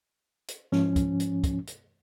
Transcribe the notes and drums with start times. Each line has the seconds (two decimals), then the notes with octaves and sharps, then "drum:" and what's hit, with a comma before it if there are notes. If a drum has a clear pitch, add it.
0.48 drum: hi-hat
0.72 G#2 F3 C#4, drum: snare
0.96 drum: kick, hi-hat
1.20 drum: hi-hat
1.44 drum: kick, hi-hat
1.67 drum: hi-hat